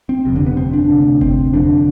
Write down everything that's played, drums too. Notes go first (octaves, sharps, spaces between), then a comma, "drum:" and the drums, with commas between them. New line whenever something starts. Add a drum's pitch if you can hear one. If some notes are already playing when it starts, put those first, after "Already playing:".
C4
G1 F2 C3
D3
B3
C4
D4
D2 C3
C4, drum: kick F#1
F1 F2 D3 D4